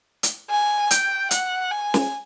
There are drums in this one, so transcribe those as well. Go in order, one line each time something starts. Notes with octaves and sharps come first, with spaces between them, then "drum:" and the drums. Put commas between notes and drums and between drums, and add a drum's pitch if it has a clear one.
drum: hi-hat
G#5
G5, drum: hi-hat
F#5, drum: hi-hat
G#5
drum: snare